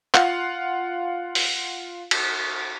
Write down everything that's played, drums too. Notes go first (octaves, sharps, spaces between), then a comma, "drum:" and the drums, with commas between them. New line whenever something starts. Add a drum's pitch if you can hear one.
F4 F5 F#5, drum: clap
drum: open hi-hat
drum: cymbal